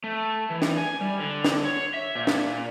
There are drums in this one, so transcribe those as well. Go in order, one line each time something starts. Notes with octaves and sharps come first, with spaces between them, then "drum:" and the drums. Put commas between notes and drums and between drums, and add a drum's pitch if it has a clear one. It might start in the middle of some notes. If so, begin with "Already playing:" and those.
A3
E3
drum: snare
G#5
G3
D3
drum: snare
C#5
E5
A#2
drum: snare